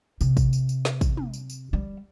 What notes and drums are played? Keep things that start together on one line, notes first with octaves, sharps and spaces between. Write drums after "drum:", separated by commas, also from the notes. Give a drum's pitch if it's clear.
C3, drum: tambourine
drum: kick, tambourine
drum: tambourine
drum: tambourine
drum: snare
drum: kick, tambourine
drum: tom
drum: tambourine
drum: tambourine
G3